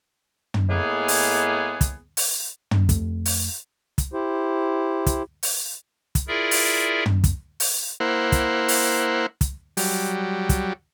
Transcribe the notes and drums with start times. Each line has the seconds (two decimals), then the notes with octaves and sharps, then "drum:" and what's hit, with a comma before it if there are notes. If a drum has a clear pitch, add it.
0.54 drum: tom
0.69 A2 G#3 A#3 B3 G#4
1.08 drum: open hi-hat
1.81 drum: kick, hi-hat
2.17 drum: open hi-hat
2.71 drum: tom
2.89 F2 A3, drum: kick, hi-hat
3.26 drum: open hi-hat
3.98 drum: kick, hi-hat
4.13 E4 G4 C5
5.06 drum: kick, hi-hat
5.43 drum: open hi-hat
6.15 drum: kick, hi-hat
6.28 E4 F4 G#4 A#4 D5 E5
6.51 drum: open hi-hat
7.06 drum: tom
7.24 drum: kick, hi-hat
7.60 drum: open hi-hat
8.00 A#3 E4 C5 F#5
8.32 drum: kick, hi-hat
8.68 drum: open hi-hat
9.41 drum: kick, hi-hat
9.77 F#3 G3, drum: open hi-hat
10.49 drum: kick, hi-hat